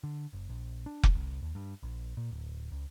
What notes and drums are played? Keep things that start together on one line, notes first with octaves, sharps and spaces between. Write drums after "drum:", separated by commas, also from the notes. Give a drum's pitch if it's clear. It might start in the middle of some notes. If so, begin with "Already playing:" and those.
D3
F#1
A#1
D4
drum: kick F1
C2
D#2
G2
A#1
A#2
D1
C#2